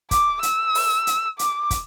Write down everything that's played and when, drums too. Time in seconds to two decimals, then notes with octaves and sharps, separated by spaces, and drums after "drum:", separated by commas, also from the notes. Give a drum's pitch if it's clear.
0.11 D6, drum: kick, hi-hat
0.43 E6, drum: hi-hat
0.75 drum: open hi-hat
1.07 drum: hi-hat
1.39 D6, drum: hi-hat
1.71 drum: kick, hi-hat